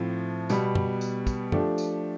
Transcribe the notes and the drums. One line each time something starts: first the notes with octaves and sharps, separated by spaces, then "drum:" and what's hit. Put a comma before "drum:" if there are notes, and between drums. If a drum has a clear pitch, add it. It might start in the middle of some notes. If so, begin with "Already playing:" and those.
Already playing: A2 F3 C4
B2 G3 B3, drum: tambourine
drum: tom
drum: tambourine
drum: kick, tambourine
F3 A3 D4 G4, drum: tom
drum: tambourine